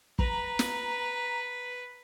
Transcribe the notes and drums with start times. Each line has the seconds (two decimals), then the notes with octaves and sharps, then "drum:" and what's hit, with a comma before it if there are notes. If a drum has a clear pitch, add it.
0.19 B4 A#5, drum: kick
0.59 drum: snare